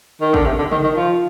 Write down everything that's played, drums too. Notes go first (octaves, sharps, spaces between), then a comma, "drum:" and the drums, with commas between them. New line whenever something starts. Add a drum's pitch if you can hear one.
D#3
D3, drum: kick
C3
D3
D#3, drum: tom
D#3
F3